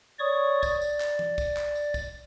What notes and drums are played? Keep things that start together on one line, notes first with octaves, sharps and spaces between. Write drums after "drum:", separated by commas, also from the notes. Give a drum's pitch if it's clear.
C#5 D5 C#6 D#6
D5, drum: kick, tambourine
drum: tambourine
drum: clap
drum: tom E3
drum: kick, tambourine
drum: clap
drum: tambourine
drum: kick, tambourine